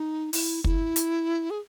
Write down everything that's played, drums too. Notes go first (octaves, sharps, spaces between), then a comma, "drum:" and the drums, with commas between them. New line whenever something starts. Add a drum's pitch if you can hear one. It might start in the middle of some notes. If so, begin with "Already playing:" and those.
Already playing: D#4
E4, drum: open hi-hat
E4, drum: kick
drum: hi-hat
G#4